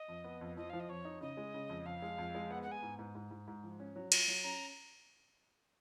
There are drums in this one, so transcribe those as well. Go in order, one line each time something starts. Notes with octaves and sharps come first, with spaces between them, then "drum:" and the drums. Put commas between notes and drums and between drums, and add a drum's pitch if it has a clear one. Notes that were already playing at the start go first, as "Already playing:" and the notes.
Already playing: D#5
F2
B3
F2
F3 D#5
F3 F5
D#5
F2 C#5
D#4
C#3 D#5
G#3
C#3
F2
F2 F5
G#3
F2
G#3
B3 F#5
B3 F#5
G#5
G#2
G#2
G#2
G#2
G#2
F3
C#4
F#3
F4, drum: cymbal
F#3
C#4 A#5